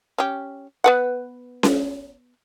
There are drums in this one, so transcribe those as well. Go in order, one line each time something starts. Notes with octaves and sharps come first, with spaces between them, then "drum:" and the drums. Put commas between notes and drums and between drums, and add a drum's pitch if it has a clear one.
C#4 G4
B3 B4 F#5
drum: snare C#4